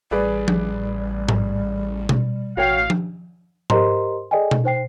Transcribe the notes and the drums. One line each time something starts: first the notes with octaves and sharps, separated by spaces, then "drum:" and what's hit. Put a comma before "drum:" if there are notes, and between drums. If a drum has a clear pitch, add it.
A1 G3 G#4 B4 D5
drum: tom F3
drum: tom G#2
drum: tom B2
A1 F#4 C#5 F5 G5
drum: tom F3
G4 A#4 C5 D#5 A#5 C6, drum: tom G#2
G#4 A4 D5 D#5 G5 G#5
drum: tom B2
D#4 C5 G5 C7